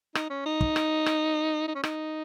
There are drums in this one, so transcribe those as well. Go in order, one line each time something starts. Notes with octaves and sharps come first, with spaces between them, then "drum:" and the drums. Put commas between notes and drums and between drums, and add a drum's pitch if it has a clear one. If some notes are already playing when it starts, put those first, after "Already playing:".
D#4, drum: rim click
C#4
D#4
drum: kick
drum: rim click
drum: rim click
D#4
C#4
D#4, drum: rim click